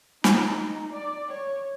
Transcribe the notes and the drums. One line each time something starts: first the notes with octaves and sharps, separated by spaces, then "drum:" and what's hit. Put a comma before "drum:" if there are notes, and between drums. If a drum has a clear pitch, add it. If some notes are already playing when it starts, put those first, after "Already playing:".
D#4, drum: snare
D5
C#5